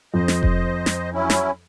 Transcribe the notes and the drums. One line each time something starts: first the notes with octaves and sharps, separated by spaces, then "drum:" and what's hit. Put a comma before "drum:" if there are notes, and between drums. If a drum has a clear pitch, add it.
F2 C5 D#5
drum: snare
drum: kick F1
drum: snare
F#3 C#4 E4
drum: snare